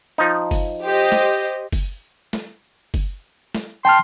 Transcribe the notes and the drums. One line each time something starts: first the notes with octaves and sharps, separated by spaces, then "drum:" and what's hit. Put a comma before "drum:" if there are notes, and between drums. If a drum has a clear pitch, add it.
F3 D#4
drum: kick F#1, open hi-hat
G4 C5 D#5
drum: snare
drum: kick F#1, open hi-hat
drum: snare
drum: kick F#1, open hi-hat
drum: snare
G5 A5 C6 F6